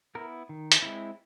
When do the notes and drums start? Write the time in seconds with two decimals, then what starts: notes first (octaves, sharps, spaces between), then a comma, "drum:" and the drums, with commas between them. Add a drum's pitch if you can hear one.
0.15 B3 E4 A#4
0.49 D#3
0.72 drum: hi-hat
0.82 G#3 C4 E4